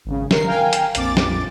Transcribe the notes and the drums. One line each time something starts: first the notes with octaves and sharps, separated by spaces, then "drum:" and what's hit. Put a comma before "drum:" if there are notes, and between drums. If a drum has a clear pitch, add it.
G#1 C#3
D#3 A#4 C7, drum: snare
A#4 F5 G5 G#5
drum: hi-hat
A#1 F2 D6 A6, drum: hi-hat
drum: snare